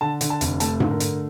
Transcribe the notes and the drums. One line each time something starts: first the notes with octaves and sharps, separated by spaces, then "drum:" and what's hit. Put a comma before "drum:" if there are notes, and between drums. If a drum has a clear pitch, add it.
D3 A5
D3, drum: hi-hat
A5
F1, drum: hi-hat
A3 A5, drum: hi-hat
D3, drum: tom G#2
A#4
A3, drum: hi-hat